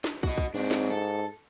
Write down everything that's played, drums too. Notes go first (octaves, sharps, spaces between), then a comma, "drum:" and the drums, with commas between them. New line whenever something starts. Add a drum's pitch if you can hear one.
drum: snare
F#4 D#5, drum: kick
drum: kick
G#2 C4 D4
drum: snare
A4